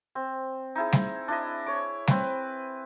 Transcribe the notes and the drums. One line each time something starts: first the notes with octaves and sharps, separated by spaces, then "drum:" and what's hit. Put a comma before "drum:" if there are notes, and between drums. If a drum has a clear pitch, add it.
C4
D#4 E4 G#4
drum: snare G3
D4 E4 D#5
C#5 D6
C4 B4, drum: snare G3